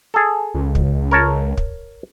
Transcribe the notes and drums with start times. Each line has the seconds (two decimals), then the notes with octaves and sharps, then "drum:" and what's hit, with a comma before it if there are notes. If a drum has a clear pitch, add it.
0.14 G#4 A4
0.54 C#2
0.75 drum: kick
1.11 A#4 C#5 A5
1.57 drum: kick